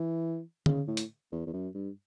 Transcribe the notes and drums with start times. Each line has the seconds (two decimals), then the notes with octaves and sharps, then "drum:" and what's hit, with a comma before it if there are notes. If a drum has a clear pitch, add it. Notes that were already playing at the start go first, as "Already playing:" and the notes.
Already playing: E3
0.66 C#3, drum: tom D3
0.88 A2
0.97 drum: hi-hat
1.32 E2
1.47 E2
1.53 F#2
1.74 G2